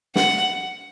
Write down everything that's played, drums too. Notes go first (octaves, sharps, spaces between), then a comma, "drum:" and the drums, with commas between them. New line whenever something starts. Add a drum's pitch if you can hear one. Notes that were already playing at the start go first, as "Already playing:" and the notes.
F#5, drum: snare